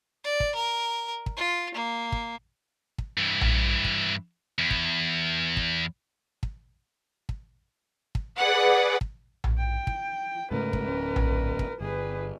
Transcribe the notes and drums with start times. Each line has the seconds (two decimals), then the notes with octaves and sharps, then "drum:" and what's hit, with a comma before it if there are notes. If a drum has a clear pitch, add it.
0.24 D5
0.40 drum: kick
0.55 A#4
1.26 drum: kick
1.37 F4
1.75 A#3
2.12 drum: kick
2.98 drum: kick
3.18 G2 E3
3.41 drum: tom A#1
3.85 drum: kick
4.59 E2
4.71 drum: kick
5.57 drum: kick
6.43 drum: kick
7.29 drum: kick
8.15 drum: kick
8.38 G#4 B4 D5 F#5
9.01 drum: kick
9.44 drum: tom A#1
9.58 G5
9.87 drum: kick
10.51 G#2 C#3 A3 A#4 B4
10.73 drum: kick
10.87 D1 C#4
11.16 drum: tom A#1
11.59 drum: kick
11.81 G1 G#4 B4